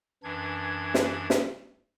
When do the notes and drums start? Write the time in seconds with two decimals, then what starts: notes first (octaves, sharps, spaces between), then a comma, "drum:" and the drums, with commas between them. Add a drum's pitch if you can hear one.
0.23 F#2 E3 D4 G#6
0.94 drum: snare
1.30 drum: snare